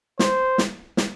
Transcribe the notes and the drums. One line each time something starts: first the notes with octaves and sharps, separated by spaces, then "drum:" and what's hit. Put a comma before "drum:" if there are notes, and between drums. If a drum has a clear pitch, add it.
C5, drum: snare
drum: snare
drum: snare